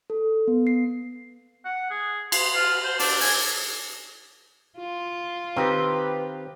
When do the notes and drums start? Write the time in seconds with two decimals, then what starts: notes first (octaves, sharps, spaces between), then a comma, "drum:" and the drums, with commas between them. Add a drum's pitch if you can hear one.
0.10 A4
0.48 B3
0.67 C7
1.65 F#5
1.90 G#4
2.32 C6, drum: cymbal
2.55 F4
2.84 C5
2.99 D4, drum: open hi-hat
3.21 G#5, drum: open hi-hat
4.78 F4
5.56 D#3 C4 G4 B4